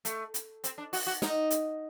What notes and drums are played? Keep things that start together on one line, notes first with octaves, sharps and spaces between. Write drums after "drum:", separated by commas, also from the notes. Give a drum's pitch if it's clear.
A3, drum: hi-hat
drum: hi-hat
C4, drum: hi-hat
D4
F#4, drum: open hi-hat
F#4
D#4, drum: snare
drum: hi-hat